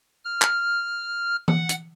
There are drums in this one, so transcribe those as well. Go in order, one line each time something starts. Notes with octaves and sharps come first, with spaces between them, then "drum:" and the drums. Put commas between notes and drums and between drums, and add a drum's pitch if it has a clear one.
F6
drum: clap
F#5, drum: tom E3
drum: hi-hat